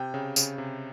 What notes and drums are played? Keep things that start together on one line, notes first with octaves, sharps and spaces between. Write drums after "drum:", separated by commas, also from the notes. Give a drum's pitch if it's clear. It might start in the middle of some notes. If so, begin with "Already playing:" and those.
Already playing: C3 G5
C#3
C#3, drum: tambourine
C3